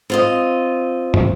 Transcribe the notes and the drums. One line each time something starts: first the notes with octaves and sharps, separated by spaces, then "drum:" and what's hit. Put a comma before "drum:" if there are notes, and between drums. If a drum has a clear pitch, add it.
C4 F4 D#5
drum: tom